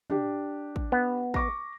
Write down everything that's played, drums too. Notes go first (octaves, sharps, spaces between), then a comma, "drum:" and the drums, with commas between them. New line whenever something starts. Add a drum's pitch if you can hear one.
D4 G4, drum: tom
drum: kick
B3
C#6 D6 A#6, drum: kick